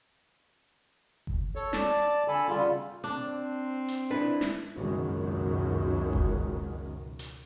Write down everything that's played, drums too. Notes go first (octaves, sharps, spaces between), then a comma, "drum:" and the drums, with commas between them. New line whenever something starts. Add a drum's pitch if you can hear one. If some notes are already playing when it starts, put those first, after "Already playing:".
drum: kick F#1
A4 C#5
D5 A5, drum: snare
D3 A4 G#5 B5
C#3 G3 F4
C4 D4
drum: hi-hat
D4 E4 B4
drum: snare
G#1 C#2 F#2 B2 D#3 G#3
drum: kick F#1
drum: hi-hat